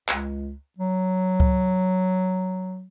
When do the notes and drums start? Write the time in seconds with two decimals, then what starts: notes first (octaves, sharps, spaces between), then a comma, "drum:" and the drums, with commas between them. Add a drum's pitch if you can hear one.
0.08 C#2, drum: clap
0.78 F#3
1.40 drum: kick C#2